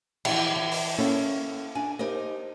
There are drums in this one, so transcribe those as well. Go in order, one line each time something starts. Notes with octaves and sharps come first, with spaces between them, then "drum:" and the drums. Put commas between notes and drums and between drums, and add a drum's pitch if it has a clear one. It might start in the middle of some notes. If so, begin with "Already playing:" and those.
E3 F3 E4, drum: cymbal
E3
drum: open hi-hat
A#3 C#4 E4 A4
D4 G#5
D#4 G4 A#4 C5 D#5